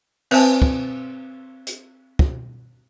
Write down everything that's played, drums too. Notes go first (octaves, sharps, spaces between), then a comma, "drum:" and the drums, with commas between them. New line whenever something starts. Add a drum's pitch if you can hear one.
C4 B4 C5 G#5 A5, drum: cymbal
drum: kick
drum: hi-hat
drum: kick